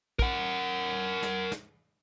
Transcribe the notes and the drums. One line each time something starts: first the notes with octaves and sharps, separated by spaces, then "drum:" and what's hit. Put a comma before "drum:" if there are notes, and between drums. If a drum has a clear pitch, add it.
A#4 F#5, drum: kick
drum: snare
drum: snare